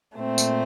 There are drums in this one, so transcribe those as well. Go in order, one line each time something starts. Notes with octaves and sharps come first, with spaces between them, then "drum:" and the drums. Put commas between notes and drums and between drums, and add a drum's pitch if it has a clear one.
A#2 A3 C4
drum: tambourine